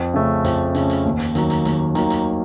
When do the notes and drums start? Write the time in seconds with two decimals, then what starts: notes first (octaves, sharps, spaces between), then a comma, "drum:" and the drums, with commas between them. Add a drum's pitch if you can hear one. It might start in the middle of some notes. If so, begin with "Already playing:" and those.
Already playing: F2
0.14 C#3 A3 C#4
0.45 F2, drum: hi-hat
0.75 C#3 A3 C#4, drum: hi-hat
0.90 drum: hi-hat
1.05 D#2
1.20 drum: hi-hat
1.35 D#3 F#3 A#3, drum: hi-hat
1.50 drum: hi-hat
1.65 D#2, drum: hi-hat
1.95 D#3 F#3 A#3, drum: hi-hat
2.10 drum: hi-hat